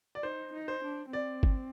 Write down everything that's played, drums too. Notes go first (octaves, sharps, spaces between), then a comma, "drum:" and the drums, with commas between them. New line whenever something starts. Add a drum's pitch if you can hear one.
D5
D#4 C5
D#4
C5
D4
C4 D5
drum: kick G#1